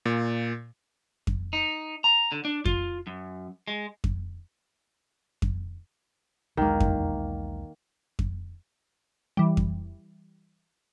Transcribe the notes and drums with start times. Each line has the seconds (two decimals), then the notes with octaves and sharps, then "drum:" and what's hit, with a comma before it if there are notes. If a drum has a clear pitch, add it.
0.06 A#2
1.27 drum: kick F2
1.53 D#4
2.04 A#5
2.32 D3
2.45 D4
2.65 F4, drum: kick F2
3.07 F#2
3.68 G#3
4.04 drum: kick F2
5.42 drum: kick F2
6.57 B1 E2 D#3 G#3 A#3
6.80 drum: kick F2
8.19 drum: kick F2
9.37 E3 G3
9.57 drum: kick F2